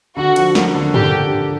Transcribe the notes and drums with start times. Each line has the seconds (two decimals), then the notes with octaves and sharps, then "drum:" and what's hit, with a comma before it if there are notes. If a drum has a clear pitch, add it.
0.16 D3 F#4
0.36 F3, drum: cymbal
0.55 A#3, drum: snare
0.75 D3
0.94 D3 G4, drum: tom G2